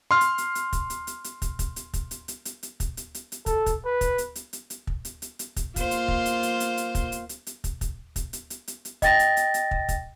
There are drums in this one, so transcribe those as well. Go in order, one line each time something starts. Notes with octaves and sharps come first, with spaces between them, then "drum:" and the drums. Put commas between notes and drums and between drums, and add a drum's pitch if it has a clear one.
C6 F6
drum: hi-hat
drum: hi-hat
drum: hi-hat
drum: kick, hi-hat
drum: hi-hat
drum: hi-hat
drum: hi-hat
drum: kick, hi-hat
drum: kick, hi-hat
drum: hi-hat
drum: kick, hi-hat
drum: hi-hat
drum: hi-hat
drum: hi-hat
drum: hi-hat
drum: kick, hi-hat
drum: hi-hat
drum: hi-hat
drum: hi-hat
A4, drum: kick, hi-hat
drum: kick, hi-hat
B4
drum: kick, hi-hat
drum: hi-hat
drum: hi-hat
drum: hi-hat
drum: hi-hat
drum: kick
drum: hi-hat
drum: hi-hat
drum: hi-hat
drum: kick, hi-hat
A#3 F4 C5, drum: kick, hi-hat
drum: hi-hat
drum: kick
drum: hi-hat
drum: hi-hat
drum: hi-hat
drum: hi-hat
drum: kick, hi-hat
drum: hi-hat
drum: hi-hat
drum: hi-hat
drum: kick, hi-hat
drum: kick, hi-hat
drum: kick, hi-hat
drum: hi-hat
drum: hi-hat
drum: hi-hat
drum: hi-hat
D#5 G5 A6 A#6, drum: kick, hi-hat
drum: hi-hat
drum: hi-hat
drum: hi-hat
drum: kick
drum: kick, hi-hat